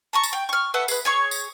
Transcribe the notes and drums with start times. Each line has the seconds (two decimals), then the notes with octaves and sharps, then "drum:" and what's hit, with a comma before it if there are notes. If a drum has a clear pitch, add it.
0.13 A5 A#5 C#6
0.23 drum: tambourine
0.33 G5
0.49 C#6 F6
0.74 A4 B4 E5 F#5
0.88 G#4 B4, drum: tambourine
1.05 G#4 C#5 C#6
1.31 drum: tambourine